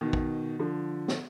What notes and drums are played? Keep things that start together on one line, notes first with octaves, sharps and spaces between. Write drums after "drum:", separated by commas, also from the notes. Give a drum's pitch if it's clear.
B2 D#3
drum: kick
D3 F3
drum: snare